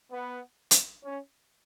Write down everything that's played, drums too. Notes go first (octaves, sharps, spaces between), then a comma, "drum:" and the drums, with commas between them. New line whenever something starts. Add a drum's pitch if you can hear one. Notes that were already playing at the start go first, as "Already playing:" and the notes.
B3
drum: hi-hat
C#4